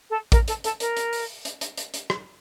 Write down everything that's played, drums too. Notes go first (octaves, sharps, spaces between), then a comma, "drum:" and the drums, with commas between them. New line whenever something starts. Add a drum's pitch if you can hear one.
A4
A#4, drum: kick A1, hi-hat
A4, drum: hi-hat
A4, drum: hi-hat
A#4, drum: hi-hat
drum: hi-hat
drum: open hi-hat
drum: hi-hat
drum: hi-hat
drum: hi-hat
drum: hi-hat
drum: rim click